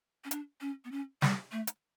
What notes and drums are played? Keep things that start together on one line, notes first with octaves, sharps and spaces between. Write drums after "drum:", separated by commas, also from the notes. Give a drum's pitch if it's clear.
C#4
D4, drum: hi-hat
C#4
B3
C#4
G3, drum: snare
A3
drum: hi-hat